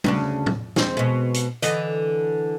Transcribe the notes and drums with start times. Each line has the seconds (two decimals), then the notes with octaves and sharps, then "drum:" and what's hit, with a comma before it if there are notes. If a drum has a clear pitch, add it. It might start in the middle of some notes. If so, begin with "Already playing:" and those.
0.04 D2 C#3 D4, drum: tom G3
0.46 drum: tom
0.76 G#3 C4, drum: snare
0.97 B2 G#3
1.34 drum: hi-hat
1.62 D3 E3 D#5, drum: hi-hat